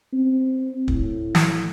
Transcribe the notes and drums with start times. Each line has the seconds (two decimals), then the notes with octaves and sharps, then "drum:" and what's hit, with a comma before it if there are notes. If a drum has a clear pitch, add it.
0.13 C4
0.88 A2, drum: kick
1.35 drum: snare